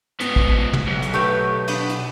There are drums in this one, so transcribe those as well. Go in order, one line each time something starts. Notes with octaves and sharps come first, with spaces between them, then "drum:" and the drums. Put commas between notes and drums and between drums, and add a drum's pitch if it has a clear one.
G#2 B3, drum: hi-hat
drum: kick
drum: tom
B1
drum: hi-hat
A3 G4 B4
B3 D4, drum: cymbal
drum: hi-hat